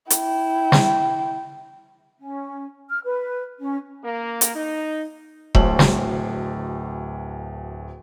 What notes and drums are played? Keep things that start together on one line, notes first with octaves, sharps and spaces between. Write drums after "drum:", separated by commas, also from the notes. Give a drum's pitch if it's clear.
E4 G5, drum: hi-hat
drum: snare
C#4
F6
B4
C#4
A#3
drum: hi-hat
D#4
D1 D2 C5 C#5 A5 F#7, drum: kick E1
drum: snare